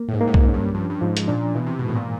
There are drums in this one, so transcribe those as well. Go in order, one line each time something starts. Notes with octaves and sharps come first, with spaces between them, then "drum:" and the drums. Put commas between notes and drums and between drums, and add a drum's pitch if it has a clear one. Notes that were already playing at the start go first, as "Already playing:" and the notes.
Already playing: A#3
A2
G#2
A#3
A2
G#2, drum: kick B1
C#4
G2
G2 F3
G2
G#2 F3
drum: hi-hat
A#2 D4
B2 E3
C3
G#2 B2
A2
A#2